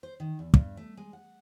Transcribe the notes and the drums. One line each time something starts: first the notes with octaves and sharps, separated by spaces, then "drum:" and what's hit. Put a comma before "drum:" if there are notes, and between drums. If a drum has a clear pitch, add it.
C5
D#3
E2
G2, drum: kick
A3
G#3
F#5